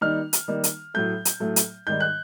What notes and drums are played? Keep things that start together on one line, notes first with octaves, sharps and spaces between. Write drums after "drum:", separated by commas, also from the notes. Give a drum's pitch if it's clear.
D#3 G3 A#3 D#4 F6
drum: hi-hat
D#3 G3 A#3 D#4
drum: hi-hat
A2 F#3 A3 G6
drum: hi-hat
A2 F#3 A3
drum: hi-hat
G#2 D#3 G3 G6
F#6